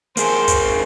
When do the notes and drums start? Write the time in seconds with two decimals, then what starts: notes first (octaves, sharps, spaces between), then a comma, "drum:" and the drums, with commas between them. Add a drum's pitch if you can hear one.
0.17 A#3 G#4 C5, drum: hi-hat
0.48 drum: kick, hi-hat